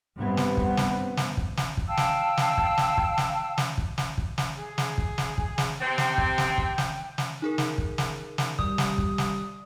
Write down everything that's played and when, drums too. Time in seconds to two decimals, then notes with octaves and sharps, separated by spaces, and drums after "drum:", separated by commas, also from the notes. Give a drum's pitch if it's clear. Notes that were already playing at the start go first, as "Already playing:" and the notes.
0.19 G2 B3 C4
0.37 drum: snare
0.57 drum: kick
0.77 drum: snare
1.17 drum: snare
1.37 drum: kick
1.57 drum: snare
1.77 drum: kick
1.87 F5 G5 A5 E6
1.97 drum: snare
2.37 drum: snare
2.57 drum: kick
2.78 drum: snare
2.98 drum: kick
3.18 drum: snare
3.58 drum: snare
3.78 drum: kick
3.98 drum: snare
4.18 drum: kick
4.38 drum: snare
4.58 G#4
4.78 drum: snare
4.98 drum: kick
5.18 drum: snare
5.38 drum: kick
5.58 drum: snare
5.81 C3 C4 G5
5.98 drum: snare
6.18 drum: kick
6.38 drum: snare
6.58 drum: kick
6.78 drum: snare
7.18 drum: snare
7.42 D#4 G#4 A#4
7.58 drum: snare
7.78 drum: kick
7.98 drum: snare
8.38 drum: snare
8.59 G3 D5 D#6, drum: kick
8.78 drum: snare
8.98 drum: kick
9.18 drum: snare